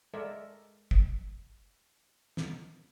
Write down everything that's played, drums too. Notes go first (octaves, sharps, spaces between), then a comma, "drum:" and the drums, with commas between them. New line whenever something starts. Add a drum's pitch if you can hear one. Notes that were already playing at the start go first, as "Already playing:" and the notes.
G#3 A4 A#4 D5 E5
drum: kick
drum: snare